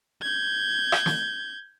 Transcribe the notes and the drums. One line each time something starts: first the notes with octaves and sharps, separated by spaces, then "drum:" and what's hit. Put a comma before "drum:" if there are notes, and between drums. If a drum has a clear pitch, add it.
G6 G#6
drum: rim click
drum: snare